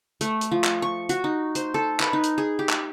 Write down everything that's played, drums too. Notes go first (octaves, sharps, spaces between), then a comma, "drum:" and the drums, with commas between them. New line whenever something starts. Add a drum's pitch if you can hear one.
A3, drum: hi-hat
drum: hi-hat
F3
drum: clap
C#6
F#4, drum: hi-hat
D#4
C5, drum: hi-hat
A4
B4, drum: clap
D#4
drum: hi-hat
G#4
G4
drum: clap